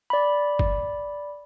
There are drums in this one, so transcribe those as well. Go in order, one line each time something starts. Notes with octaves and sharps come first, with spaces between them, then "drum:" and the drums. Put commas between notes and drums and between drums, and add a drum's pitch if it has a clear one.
D5 B5
drum: kick